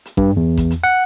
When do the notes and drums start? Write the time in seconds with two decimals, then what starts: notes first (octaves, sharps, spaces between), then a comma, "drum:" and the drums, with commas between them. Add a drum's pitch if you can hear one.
0.05 drum: hi-hat
0.17 G2, drum: kick A1
0.36 E2
0.57 drum: kick A1, hi-hat
0.71 drum: hi-hat
0.84 F#5